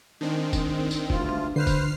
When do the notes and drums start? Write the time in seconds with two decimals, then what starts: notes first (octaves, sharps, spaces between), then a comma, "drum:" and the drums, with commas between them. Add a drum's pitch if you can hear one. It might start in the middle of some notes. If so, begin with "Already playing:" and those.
0.21 D#3 G#3 C4 D4
0.53 drum: kick, tambourine
0.91 drum: tambourine
1.10 D2 G2 F4, drum: kick
1.29 drum: tom G#3
1.56 D3 B4 C5 F6 C7
1.67 drum: kick, tambourine